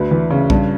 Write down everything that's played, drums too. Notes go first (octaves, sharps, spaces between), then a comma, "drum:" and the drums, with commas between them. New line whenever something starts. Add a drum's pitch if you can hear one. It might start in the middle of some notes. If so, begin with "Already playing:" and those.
Already playing: D2 B4
E3
C#3
G2, drum: kick A#1